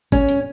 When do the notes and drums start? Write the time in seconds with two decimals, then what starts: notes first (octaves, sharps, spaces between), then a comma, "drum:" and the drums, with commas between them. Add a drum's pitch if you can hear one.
0.12 C#4, drum: kick G#1
0.29 drum: hi-hat